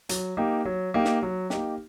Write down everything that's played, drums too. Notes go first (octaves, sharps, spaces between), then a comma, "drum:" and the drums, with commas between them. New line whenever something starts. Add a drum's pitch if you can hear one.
F#3, drum: hi-hat
A#3 D#4 G4
F#3
A#3 D#4 G4
drum: snare
F#3
A#3 D#4 G4, drum: snare